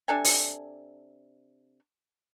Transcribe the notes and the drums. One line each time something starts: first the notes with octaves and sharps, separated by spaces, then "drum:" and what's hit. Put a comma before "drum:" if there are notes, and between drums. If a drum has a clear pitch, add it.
C3 D4 A4 G#5
drum: open hi-hat